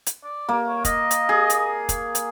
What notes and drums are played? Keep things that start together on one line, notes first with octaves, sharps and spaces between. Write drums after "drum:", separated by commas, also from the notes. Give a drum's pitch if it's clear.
drum: hi-hat
D5
A#3
C#5
D#5, drum: kick, hi-hat
drum: hi-hat
G#4
drum: hi-hat
drum: kick, hi-hat
drum: hi-hat